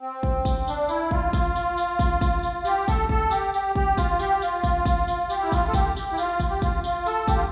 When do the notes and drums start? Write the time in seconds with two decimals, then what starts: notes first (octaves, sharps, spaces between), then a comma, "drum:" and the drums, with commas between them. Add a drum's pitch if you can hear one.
0.01 C4
0.23 drum: kick
0.45 drum: kick, tambourine
0.67 D4, drum: tambourine
0.89 E4, drum: tambourine
1.11 F4, drum: kick
1.33 drum: kick, tambourine
1.55 drum: tambourine
1.77 drum: tambourine
1.99 drum: kick, tambourine
2.21 drum: kick, tambourine
2.43 drum: tambourine
2.65 G4, drum: tambourine
2.88 A4, drum: kick, tambourine
3.09 A4, drum: kick
3.31 G4, drum: tambourine
3.54 G4, drum: tambourine
3.76 G4, drum: kick
3.98 F4, drum: kick, tambourine
4.19 G4, drum: tambourine
4.42 F4, drum: tambourine
4.64 drum: kick, tambourine
4.86 drum: kick, tambourine
5.08 drum: tambourine
5.30 G4, drum: tambourine
5.42 E4
5.52 F4, drum: kick, tambourine
5.68 A4
5.73 G4, drum: kick, tambourine
5.96 G4, drum: tambourine
6.12 E4
6.17 F4, drum: tambourine
6.40 drum: kick, tambourine
6.51 G4
6.62 F4, drum: kick, tambourine
6.84 F4, drum: tambourine
7.06 A4, drum: tambourine
7.28 G4, drum: kick, tambourine
7.36 F4